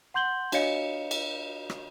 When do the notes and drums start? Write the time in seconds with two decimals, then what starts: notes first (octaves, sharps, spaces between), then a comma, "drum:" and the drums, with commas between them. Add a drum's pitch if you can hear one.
0.14 F#5 C6 G6 F#7 G7
0.52 D4 F#4 C#5 D#5 F5 C#7, drum: cymbal
1.11 drum: cymbal
1.70 drum: rim click